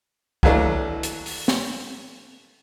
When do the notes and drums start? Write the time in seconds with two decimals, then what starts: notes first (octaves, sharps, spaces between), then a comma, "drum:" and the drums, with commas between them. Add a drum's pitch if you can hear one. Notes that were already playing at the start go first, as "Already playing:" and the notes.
0.43 D#2 E3 F#3 A3 D4, drum: kick C2
1.03 drum: hi-hat
1.26 drum: open hi-hat
1.48 drum: snare